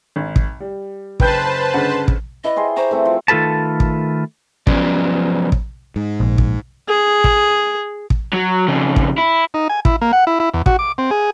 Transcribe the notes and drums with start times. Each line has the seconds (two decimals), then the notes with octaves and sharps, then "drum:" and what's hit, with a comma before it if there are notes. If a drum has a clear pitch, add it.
0.16 G#1
0.36 drum: kick
0.60 G3
1.20 F#1 B4 C5 G5 A5 G6, drum: kick
1.74 G1 C#3 F#5
2.08 drum: kick
2.44 E4 B4 D5 D#5
2.56 G4 G#4 C5
2.77 C5 A#5 B5 C#6
2.91 E3 A3 C4
3.05 F3
3.28 D#3 A3 F4 A4 B4 A5
3.80 drum: kick
4.67 F3 F#3 B3 C#4 D5, drum: kick
5.52 drum: kick
5.96 G#2
6.20 A#1
6.38 drum: kick
6.89 G#4
7.24 drum: kick
8.10 drum: kick
8.34 F#3
8.68 F2 C#3
8.96 drum: kick
9.18 E4
9.54 D#4
9.69 G#5
9.85 E4, drum: kick
10.01 A#3
10.13 F#5
10.27 E4
10.40 E4
10.54 E2
10.66 F#4, drum: kick
10.79 D6
10.98 C4
11.11 G#4